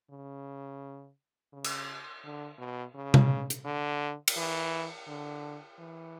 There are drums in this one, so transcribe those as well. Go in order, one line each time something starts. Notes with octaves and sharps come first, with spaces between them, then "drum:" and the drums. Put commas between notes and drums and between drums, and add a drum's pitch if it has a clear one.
C#3
C#3
drum: cymbal
D3
B2
C#3
drum: tom C3
drum: hi-hat
D3
drum: cymbal
E3
D3
E3